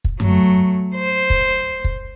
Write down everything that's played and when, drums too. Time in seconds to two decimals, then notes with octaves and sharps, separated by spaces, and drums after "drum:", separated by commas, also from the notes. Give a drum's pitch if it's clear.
0.05 drum: kick
0.20 F#3 A3, drum: tom F#2
0.95 C5
1.30 drum: kick
1.84 drum: kick